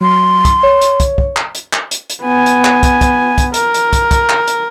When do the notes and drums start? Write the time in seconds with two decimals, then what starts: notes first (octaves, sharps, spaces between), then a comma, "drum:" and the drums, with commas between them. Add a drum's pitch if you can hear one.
0.01 F#3 C6
0.45 drum: kick, hi-hat
0.63 C#5
0.81 drum: hi-hat
1.00 drum: kick, hi-hat
1.18 drum: kick
1.36 drum: clap
1.55 drum: hi-hat
1.73 drum: clap
1.91 drum: hi-hat
2.10 drum: hi-hat
2.23 B3 G#5
2.46 drum: hi-hat
2.65 drum: clap
2.83 drum: kick, hi-hat
3.01 drum: kick, hi-hat
3.38 drum: kick, hi-hat
3.54 A#4, drum: hi-hat
3.74 drum: hi-hat
3.93 drum: kick, hi-hat
4.11 drum: kick, hi-hat
4.29 drum: clap
4.48 drum: hi-hat